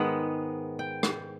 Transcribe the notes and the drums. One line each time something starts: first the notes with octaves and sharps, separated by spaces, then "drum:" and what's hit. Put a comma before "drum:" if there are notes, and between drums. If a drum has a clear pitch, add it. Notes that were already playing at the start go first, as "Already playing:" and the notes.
Already playing: G#2 D#3 G#3 B3 F#5
G5
drum: rim click